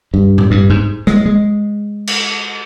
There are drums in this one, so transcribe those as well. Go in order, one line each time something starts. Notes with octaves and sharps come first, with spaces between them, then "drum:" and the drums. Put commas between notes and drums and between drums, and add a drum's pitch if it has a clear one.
G2
drum: tom A2
G2
G#2
G#3, drum: rim click
G#3
drum: cymbal